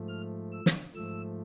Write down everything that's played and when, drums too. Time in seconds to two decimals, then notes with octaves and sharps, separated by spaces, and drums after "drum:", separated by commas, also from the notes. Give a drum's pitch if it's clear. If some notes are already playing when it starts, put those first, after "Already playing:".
Already playing: G#2 F3 A3
0.08 F6
0.52 E6
0.66 drum: snare
0.95 G#2 F3 A3 E6